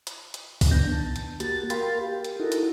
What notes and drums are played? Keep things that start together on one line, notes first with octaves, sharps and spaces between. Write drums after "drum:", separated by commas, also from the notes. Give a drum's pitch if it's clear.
drum: hi-hat
drum: hi-hat
drum: kick, open hi-hat
D#3 B3 D4 G6 A#6
A5
drum: hi-hat
A#3 F#4 G4 A6, drum: hi-hat
A#4 F5 G5 B5 C6 A6, drum: hi-hat
G4
drum: hi-hat
D#4 E4 F#4 A4 A#4
drum: hi-hat